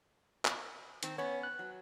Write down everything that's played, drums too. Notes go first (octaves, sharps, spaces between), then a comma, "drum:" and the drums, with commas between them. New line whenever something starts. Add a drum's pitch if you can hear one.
drum: clap
D#3 C4, drum: hi-hat
B3 C#4 C#5
F#6
F#3